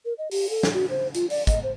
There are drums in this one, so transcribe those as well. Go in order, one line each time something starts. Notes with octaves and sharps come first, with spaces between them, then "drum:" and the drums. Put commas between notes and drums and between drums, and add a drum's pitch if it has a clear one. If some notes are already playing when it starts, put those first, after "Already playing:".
A#4
D#5
G4, drum: open hi-hat
A4
drum: snare
F#4
C5
F4, drum: hi-hat
D5, drum: open hi-hat
D#5, drum: kick, hi-hat
C5